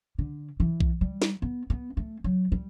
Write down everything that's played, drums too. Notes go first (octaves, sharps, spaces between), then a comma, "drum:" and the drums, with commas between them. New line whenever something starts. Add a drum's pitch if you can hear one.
D3
E3
drum: kick B1
G3
drum: snare
B3
B3
A3
F#3
G3